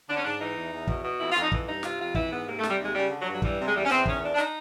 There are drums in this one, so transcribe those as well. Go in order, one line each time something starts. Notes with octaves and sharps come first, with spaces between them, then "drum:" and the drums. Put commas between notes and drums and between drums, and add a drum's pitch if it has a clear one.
D3 D4
C#4
G#2 D4
E3 D#4
E2
E2
B2, drum: kick
B2
F2 E4
F4
F2 D#4, drum: snare
E3, drum: kick
G2 D#4
C3 F4, drum: snare
F2 F4
E3 E4, drum: kick
G#2 B3
C3 A#3
A3
C3 G3, drum: snare
D#2
G#3
C#3 G3
D3
F#3
G2
F#3
E3 G3, drum: kick
C3
G#3
E2 G3
C#4
E2 C4, drum: snare
D#3 C#4, drum: kick
D#3 D4
D4
D#4, drum: snare